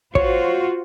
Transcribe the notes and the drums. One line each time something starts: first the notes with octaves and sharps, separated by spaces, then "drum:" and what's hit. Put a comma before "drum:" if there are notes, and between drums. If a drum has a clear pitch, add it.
F4 F#4 C5 C#5, drum: kick